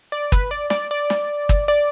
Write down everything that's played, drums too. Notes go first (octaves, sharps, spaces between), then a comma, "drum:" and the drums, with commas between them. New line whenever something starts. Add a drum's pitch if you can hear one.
D5
B4, drum: kick
D5
D5, drum: snare
D5
drum: snare
drum: kick
D5